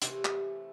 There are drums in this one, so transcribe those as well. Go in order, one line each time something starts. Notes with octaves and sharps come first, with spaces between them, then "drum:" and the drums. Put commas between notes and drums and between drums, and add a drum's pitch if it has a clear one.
C3 E3 A3 E4 G4, drum: hi-hat
drum: clap